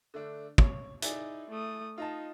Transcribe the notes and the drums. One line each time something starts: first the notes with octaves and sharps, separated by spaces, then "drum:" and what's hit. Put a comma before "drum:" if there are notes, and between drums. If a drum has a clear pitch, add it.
D3 A3 D4
C#5, drum: kick
D#4 E4 G#4 D5, drum: hi-hat
A3 D#6
D#4 F4 D#5 A5